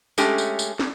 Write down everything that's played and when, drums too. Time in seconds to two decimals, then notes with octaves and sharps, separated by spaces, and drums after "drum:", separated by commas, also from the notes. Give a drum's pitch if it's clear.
0.18 G#3 A3 C#4 G4, drum: tambourine
0.38 drum: tambourine
0.59 drum: tambourine
0.79 drum: snare